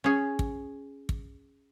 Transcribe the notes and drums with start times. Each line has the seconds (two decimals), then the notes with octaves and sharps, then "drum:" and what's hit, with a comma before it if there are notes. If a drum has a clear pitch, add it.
0.04 C#4 G#4
0.39 drum: kick
1.09 drum: kick